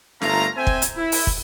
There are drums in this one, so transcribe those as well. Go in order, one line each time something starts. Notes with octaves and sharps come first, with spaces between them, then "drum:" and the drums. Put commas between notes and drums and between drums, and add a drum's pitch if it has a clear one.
G1 A3 A#3 F4 F5 A#5, drum: snare
C4 C5 E5 G5 G#5
drum: kick
drum: hi-hat
E4
drum: open hi-hat
drum: kick